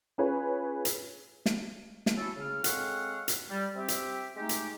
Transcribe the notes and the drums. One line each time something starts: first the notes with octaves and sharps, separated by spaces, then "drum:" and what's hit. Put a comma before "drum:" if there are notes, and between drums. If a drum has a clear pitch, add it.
C#4 F4 G#4 B4 C#5
drum: hi-hat
drum: snare
drum: snare
C#4 E4 F#4 A4
C#3 F6
G#3 C4 A4 C#5 F5 F#5, drum: hi-hat
drum: hi-hat
G3
C4 G4 E5
drum: hi-hat
G#3 A3 D#4 G4
drum: hi-hat